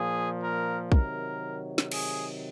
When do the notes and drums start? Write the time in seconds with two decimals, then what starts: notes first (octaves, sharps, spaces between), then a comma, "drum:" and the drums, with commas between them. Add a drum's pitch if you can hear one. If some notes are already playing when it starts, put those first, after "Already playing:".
Already playing: A#2 F3 G#4
0.43 A#4
0.92 C3 D#3 F#3 A#4, drum: kick
1.78 drum: snare
1.92 G#4, drum: cymbal